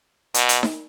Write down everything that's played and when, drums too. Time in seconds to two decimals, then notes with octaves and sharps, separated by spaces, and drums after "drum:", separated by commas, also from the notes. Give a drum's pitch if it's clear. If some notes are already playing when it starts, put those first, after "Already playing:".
0.34 B2, drum: hi-hat
0.49 drum: hi-hat
0.63 drum: snare D#4